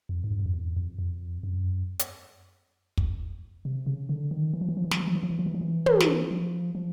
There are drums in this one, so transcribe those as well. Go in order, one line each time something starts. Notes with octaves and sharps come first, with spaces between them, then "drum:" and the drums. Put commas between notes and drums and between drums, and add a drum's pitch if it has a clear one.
F2
G#2
G2
F#2
F2
E2
F2
F2
F#2
drum: hi-hat
drum: kick
C3
C#3
D3
D#3
E3
F3
E3
F3
E3
F3, drum: snare
E3
F3
E3
F3
E3
F3
E3
F3
E3
drum: tom
drum: snare
F3
F3